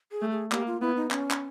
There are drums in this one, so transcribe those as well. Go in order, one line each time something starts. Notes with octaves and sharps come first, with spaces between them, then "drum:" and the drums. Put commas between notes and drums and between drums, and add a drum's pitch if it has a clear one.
G#4
A3
G#4
A#3 G4, drum: clap
F4
B3 E4
D#4
C#4, drum: clap
drum: clap